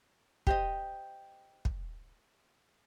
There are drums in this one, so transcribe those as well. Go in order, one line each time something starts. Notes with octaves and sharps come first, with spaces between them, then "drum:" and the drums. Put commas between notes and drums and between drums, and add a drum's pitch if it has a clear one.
G4 C5 D#5, drum: kick
drum: kick